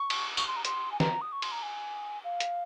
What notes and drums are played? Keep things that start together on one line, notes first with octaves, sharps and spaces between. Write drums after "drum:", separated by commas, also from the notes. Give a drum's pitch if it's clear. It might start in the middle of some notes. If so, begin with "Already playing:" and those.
Already playing: C#6
drum: cymbal
C#6, drum: tambourine
C6
A#5
C6, drum: hi-hat
G#5
A#5, drum: snare
D#6
C#6
C6, drum: cymbal
A#5
G#5
F5
drum: hi-hat